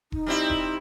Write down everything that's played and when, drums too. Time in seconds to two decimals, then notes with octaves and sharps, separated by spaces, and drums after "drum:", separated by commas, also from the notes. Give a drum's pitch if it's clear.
0.12 D#4, drum: kick E1
0.27 G3 C4 E4
0.50 drum: kick E1